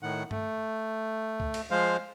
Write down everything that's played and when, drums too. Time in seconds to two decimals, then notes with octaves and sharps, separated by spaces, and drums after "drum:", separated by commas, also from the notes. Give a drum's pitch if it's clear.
0.03 A2 D#3 F#5
0.31 A3, drum: tom G2
1.40 drum: kick C#2
1.54 drum: cymbal
1.71 F3 G#3 C5 F5